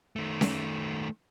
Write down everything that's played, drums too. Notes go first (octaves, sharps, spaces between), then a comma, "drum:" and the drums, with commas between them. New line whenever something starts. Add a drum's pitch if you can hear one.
D#3 A3
drum: snare C#4